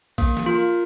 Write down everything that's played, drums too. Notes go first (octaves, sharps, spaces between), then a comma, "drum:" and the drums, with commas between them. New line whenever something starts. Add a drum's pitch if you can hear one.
A#3, drum: kick, cymbal
drum: snare
F4 A#4